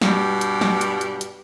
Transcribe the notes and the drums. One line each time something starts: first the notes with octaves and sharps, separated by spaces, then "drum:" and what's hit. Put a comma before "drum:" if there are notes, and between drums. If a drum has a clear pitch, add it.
G2 B2 G3, drum: snare
drum: hi-hat
drum: snare
drum: hi-hat
drum: hi-hat
drum: hi-hat